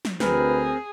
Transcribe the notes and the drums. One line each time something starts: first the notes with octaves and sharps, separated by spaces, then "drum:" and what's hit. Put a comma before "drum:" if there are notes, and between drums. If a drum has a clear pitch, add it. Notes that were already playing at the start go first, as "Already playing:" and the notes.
drum: snare
D2 C4 G#4 A#4 B4, drum: snare